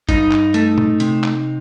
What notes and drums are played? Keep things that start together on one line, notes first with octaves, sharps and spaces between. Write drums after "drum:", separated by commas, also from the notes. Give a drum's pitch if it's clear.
G2 D#4, drum: kick G1, hi-hat
drum: clap
A3, drum: hi-hat
drum: tom A#2
C3, drum: hi-hat
drum: clap